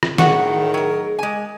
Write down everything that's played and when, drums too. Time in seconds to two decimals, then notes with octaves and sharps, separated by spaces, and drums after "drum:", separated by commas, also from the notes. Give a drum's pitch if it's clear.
0.03 drum: rim click
0.18 A2 D#3 F#4 G#4 F#5, drum: snare
0.74 F#3 A#4
1.19 G#3 G#5